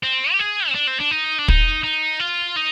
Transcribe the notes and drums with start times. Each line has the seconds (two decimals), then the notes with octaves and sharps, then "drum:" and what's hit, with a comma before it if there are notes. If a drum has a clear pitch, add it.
0.03 C4
0.32 G4
0.39 G#4
0.69 C4
0.75 D4
0.87 C4
1.00 D4
1.11 D#4
1.38 D4
1.48 D#4, drum: kick
1.84 D#4
2.20 F4
2.56 D#4